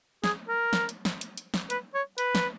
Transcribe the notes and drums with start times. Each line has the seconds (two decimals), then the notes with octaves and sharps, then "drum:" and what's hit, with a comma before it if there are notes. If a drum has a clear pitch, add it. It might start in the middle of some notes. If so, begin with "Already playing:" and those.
0.24 G#4, drum: snare
0.48 A#4
0.73 drum: snare
0.89 drum: hi-hat
1.05 drum: snare
1.21 drum: hi-hat
1.37 drum: hi-hat
1.54 drum: snare
1.70 B4, drum: hi-hat
1.94 C#5
2.18 B4, drum: hi-hat
2.35 drum: snare